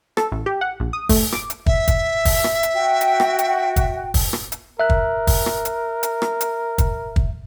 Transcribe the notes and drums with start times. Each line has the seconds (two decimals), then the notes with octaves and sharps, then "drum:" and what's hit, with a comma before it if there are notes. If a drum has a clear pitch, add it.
0.17 A4, drum: rim click
0.32 A1
0.46 G4
0.61 F#5
0.80 A#1
0.93 D#6
1.09 A3, drum: kick, open hi-hat
1.32 D6, drum: rim click
1.50 drum: hi-hat
1.66 E5, drum: kick
1.88 drum: kick, hi-hat
2.25 drum: kick, open hi-hat
2.44 drum: rim click
2.63 drum: hi-hat
2.74 F#4 G5
3.01 drum: hi-hat
3.20 drum: rim click
3.39 drum: hi-hat
3.76 drum: kick, hi-hat
4.14 drum: kick, open hi-hat
4.33 drum: rim click
4.52 drum: hi-hat
4.80 A#4 E5 F#6
4.90 drum: kick
5.27 drum: kick, open hi-hat
5.46 drum: rim click
5.65 drum: hi-hat
6.03 drum: hi-hat
6.22 drum: rim click
6.41 drum: hi-hat
6.78 drum: kick, hi-hat
7.16 drum: kick